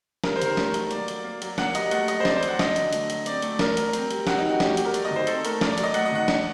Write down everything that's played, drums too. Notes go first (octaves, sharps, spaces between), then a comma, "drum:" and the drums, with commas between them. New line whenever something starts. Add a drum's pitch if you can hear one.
G3 A#4, drum: snare
C5
D#3 A#4, drum: hi-hat
A3, drum: snare
F#3, drum: hi-hat
A#3 D5, drum: hi-hat
F#3, drum: hi-hat
A#3
F#3, drum: hi-hat
A#3 F#5, drum: snare
G3 D#5, drum: hi-hat
A3 F#5, drum: hi-hat
F#3 D#5, drum: hi-hat
C5
C4 D5, drum: snare
C5
F#3, drum: hi-hat
F#5
F#3 D#5, drum: snare
D3, drum: hi-hat
A3, drum: hi-hat
F#3, drum: hi-hat
C4 D5, drum: hi-hat
A3, drum: hi-hat
A3 A#4, drum: snare
F#3, drum: hi-hat
C4, drum: hi-hat
G3, drum: hi-hat
C4 F#4, drum: snare
D#4
F#3 F#4
A3 G4, drum: snare
F#4
F#3 G4, drum: hi-hat
A#4
A3 D5, drum: hi-hat
D#5
D#3
C5
C4 A4, drum: hi-hat
A3 A#4, drum: hi-hat
A#3 D5, drum: snare
D5
F#3, drum: hi-hat
D#5
A3 F#5, drum: hi-hat
D#5
D#3 F#5
D4, drum: snare